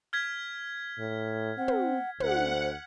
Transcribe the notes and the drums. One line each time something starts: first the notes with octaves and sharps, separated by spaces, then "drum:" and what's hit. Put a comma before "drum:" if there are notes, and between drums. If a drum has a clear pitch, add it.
F6 G#6 B6
A2
C4 F#5
drum: tom
D2 C5 F#5, drum: tom